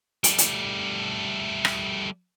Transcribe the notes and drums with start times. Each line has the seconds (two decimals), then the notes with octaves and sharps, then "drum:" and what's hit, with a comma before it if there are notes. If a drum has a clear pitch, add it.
0.24 G3 A3, drum: hi-hat
0.38 drum: hi-hat
1.65 drum: rim click